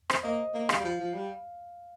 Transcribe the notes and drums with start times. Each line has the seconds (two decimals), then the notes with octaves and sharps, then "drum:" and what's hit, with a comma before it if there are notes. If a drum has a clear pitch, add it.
0.10 C5, drum: rim click
0.23 A#3 D#5
0.54 A#3
0.69 G3 F5, drum: rim click
0.80 G3
0.84 F3
0.99 F3
1.14 G3